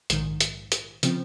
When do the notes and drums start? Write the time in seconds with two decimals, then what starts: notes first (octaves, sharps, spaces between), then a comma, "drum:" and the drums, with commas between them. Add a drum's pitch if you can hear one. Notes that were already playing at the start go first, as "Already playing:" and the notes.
0.10 A#1 G#2 D#3, drum: hi-hat
0.40 drum: hi-hat
0.72 drum: hi-hat
1.03 C#3 F3 C4, drum: hi-hat